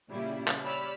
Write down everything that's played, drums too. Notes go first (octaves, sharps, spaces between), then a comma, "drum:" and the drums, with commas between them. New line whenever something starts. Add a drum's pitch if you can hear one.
A#2 C#3 G3 E4
drum: clap
G4 C#5 D5 B5 E6 F6